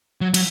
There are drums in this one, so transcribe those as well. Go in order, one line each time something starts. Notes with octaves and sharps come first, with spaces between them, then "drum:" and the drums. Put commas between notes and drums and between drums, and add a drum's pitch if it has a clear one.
F#3
F#3, drum: cymbal